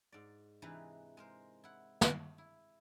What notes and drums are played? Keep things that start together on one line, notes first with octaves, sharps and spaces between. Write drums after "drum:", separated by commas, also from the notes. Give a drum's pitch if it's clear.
G#2 D5
C3 E3 D4 D#4 G#4 B4
G#3 A#4 C5
E4 F#5
drum: snare
E4